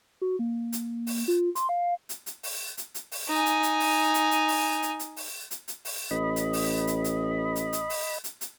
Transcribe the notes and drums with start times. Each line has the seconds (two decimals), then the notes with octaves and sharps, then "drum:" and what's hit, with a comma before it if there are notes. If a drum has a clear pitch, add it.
0.21 F#4
0.39 A#3
0.73 drum: hi-hat
1.07 drum: open hi-hat
1.28 F4
1.55 C6, drum: hi-hat
1.69 F5
2.09 drum: hi-hat
2.26 drum: hi-hat
2.43 drum: open hi-hat
2.77 drum: hi-hat
2.95 drum: hi-hat
3.12 drum: open hi-hat
3.29 D#4 G#5
3.46 drum: hi-hat
3.63 drum: hi-hat
3.80 drum: open hi-hat
4.14 drum: hi-hat
4.31 drum: hi-hat
4.48 drum: open hi-hat
4.82 drum: hi-hat
4.99 drum: hi-hat
5.16 drum: open hi-hat
5.51 drum: hi-hat
5.68 drum: hi-hat
5.85 drum: open hi-hat
6.11 A1 D#5 B5
6.36 drum: hi-hat
6.53 drum: open hi-hat
6.87 drum: hi-hat
7.04 drum: hi-hat
7.56 drum: hi-hat
7.73 drum: hi-hat
7.90 drum: open hi-hat
8.24 drum: hi-hat
8.41 drum: hi-hat